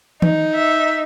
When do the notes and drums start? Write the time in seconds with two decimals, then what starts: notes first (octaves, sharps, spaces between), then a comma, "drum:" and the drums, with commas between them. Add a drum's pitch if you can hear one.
0.22 D#4, drum: tom D#3
0.54 E5